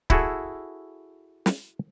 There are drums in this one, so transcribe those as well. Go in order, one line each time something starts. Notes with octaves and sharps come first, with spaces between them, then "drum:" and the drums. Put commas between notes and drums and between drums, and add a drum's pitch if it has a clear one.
E4 F#4 G#4 A4, drum: kick C#1
drum: snare